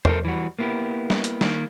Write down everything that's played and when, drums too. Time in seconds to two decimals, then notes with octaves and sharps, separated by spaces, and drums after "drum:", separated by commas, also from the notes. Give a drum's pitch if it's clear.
0.05 A4 A#4 C5, drum: tom E2
0.25 E3 G3 F#4
0.59 A#3 B3 E4 G4
1.10 drum: snare
1.24 drum: hi-hat
1.41 D#3 A#3, drum: snare